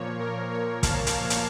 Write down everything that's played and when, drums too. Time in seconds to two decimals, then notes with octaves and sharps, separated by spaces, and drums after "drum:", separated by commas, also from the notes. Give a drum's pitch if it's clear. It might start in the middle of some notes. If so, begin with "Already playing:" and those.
Already playing: A#2 F3 A#3 C#5
0.20 A#4
0.51 C#5
0.83 F5 A5, drum: kick, hi-hat
1.07 drum: hi-hat
1.30 drum: hi-hat